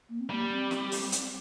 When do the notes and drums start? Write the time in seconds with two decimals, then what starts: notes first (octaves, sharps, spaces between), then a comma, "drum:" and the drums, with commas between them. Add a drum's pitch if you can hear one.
0.09 A#3
0.20 C4
0.30 G3 A#3
0.51 C4
0.71 drum: snare
0.92 drum: open hi-hat
1.12 drum: hi-hat